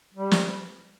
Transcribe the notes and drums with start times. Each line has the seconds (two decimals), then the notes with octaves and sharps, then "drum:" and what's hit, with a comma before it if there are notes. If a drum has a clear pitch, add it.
0.14 G3
0.31 drum: snare